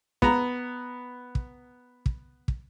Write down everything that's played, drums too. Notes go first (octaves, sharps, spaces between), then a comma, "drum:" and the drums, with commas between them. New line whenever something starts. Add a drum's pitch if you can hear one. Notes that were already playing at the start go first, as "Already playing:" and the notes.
B3 A#5, drum: kick
drum: kick
drum: kick
drum: kick